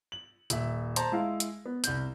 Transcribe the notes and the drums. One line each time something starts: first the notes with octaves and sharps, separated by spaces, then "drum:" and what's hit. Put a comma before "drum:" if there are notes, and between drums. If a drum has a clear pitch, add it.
F#7
D#1 E5, drum: hi-hat
C5 A5 A#5, drum: hi-hat
G#3 E4 F5
drum: hi-hat
B3
C2 G6, drum: hi-hat